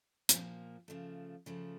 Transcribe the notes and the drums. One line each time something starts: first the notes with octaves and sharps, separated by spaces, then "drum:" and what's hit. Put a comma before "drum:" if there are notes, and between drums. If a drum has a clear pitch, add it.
A#2 F3 A#3, drum: hi-hat
C#3 F3 A3
C#3 F3 A3